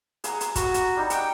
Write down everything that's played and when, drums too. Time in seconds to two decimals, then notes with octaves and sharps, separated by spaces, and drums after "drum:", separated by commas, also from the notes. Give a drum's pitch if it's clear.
0.24 G#4 F#5 A#5, drum: hi-hat
0.41 drum: hi-hat
0.55 F#4, drum: kick, hi-hat
0.74 drum: hi-hat
0.97 G3 D#4
1.10 F#5 G5, drum: hi-hat